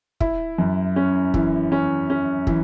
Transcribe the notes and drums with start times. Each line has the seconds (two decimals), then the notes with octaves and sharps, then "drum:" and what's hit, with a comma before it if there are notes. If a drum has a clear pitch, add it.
0.20 E4, drum: kick
0.58 F#2
0.96 C#4
1.34 E3, drum: kick
1.72 C#4
2.10 C#4
2.47 E3, drum: kick